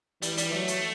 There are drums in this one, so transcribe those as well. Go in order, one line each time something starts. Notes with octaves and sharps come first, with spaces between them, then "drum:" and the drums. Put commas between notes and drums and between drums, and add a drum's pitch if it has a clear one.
E3 G3, drum: hi-hat
G3, drum: hi-hat
F#3 A3
drum: hi-hat